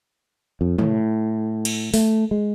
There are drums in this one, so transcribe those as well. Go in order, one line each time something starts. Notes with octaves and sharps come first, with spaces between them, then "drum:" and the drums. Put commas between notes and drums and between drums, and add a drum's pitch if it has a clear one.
F2
A2, drum: tom
drum: cymbal
A3, drum: open hi-hat
G#3